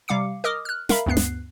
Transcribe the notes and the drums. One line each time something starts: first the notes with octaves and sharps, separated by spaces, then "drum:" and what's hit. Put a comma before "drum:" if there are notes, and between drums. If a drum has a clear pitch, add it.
C3 G3 F5 D6 C#7
A#4 D#5 D6 D#6 F6
F6 F#6
A#4 E5 F5 A#5 B5, drum: snare
D2 G2 B3 F#6 C7
drum: snare